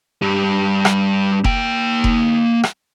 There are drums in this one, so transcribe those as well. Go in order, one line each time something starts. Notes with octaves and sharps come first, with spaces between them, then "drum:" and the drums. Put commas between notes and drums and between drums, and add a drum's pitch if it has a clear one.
G2 G3
drum: rim click
A#3 G5, drum: kick F1
drum: kick F1
drum: rim click